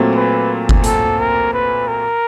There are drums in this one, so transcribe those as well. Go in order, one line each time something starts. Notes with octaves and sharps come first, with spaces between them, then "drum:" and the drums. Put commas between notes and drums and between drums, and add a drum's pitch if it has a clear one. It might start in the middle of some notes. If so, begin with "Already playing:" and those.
Already playing: A#2 F#3 A3 C4
B4
drum: kick G1
A4, drum: hi-hat
A#4
B4
A#4